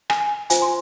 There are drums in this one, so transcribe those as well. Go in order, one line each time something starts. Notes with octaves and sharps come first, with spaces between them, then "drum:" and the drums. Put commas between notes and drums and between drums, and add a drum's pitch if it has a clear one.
G#5, drum: rim click
F4 C5 G#5, drum: hi-hat
C6